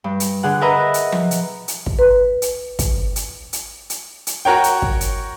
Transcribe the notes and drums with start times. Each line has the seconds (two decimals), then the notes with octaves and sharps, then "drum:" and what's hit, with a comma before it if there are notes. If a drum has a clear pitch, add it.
0.04 G2
0.20 drum: hi-hat
0.43 D3 G#4 F#5
0.61 A#4 B4 D#5 E5 F#5 A#5
0.94 drum: hi-hat
1.12 drum: tom F3
1.31 drum: hi-hat
1.68 drum: hi-hat
1.86 drum: kick
1.99 B4
2.42 drum: hi-hat
2.79 drum: kick, hi-hat
3.16 drum: hi-hat
3.53 drum: hi-hat
3.90 drum: hi-hat
4.27 drum: hi-hat
4.45 F#4 A#4 C#5 G5
4.64 drum: hi-hat
4.82 drum: kick
5.01 drum: hi-hat